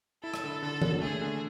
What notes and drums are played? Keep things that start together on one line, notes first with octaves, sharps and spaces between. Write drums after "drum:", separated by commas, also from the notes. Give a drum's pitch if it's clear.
E4 A4
drum: rim click
D3
D3 A4
D3, drum: tom E3
A3 G#4
D3